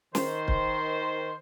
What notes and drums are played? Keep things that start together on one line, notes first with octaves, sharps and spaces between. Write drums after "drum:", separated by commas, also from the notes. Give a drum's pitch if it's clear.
D#3 C5, drum: snare
drum: kick